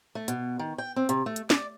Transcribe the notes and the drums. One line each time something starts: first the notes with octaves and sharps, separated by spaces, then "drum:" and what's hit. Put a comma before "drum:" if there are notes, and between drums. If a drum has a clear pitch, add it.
A3
B2, drum: hi-hat
D#3
G5
C4
C3, drum: hi-hat
A3
drum: hi-hat
D5, drum: snare